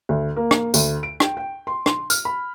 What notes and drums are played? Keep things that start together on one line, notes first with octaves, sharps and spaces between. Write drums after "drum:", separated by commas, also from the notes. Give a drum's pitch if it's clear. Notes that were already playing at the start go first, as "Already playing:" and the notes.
D2
A#3
drum: rim click
D2, drum: tambourine
D7
G5, drum: rim click
G5
C6
C6, drum: rim click
F6, drum: tambourine
B5